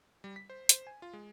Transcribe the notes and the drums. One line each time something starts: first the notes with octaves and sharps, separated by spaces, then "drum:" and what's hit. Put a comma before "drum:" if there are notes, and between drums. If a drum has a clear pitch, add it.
G3
B6
C5
C5, drum: hi-hat
G#5
F4
G#3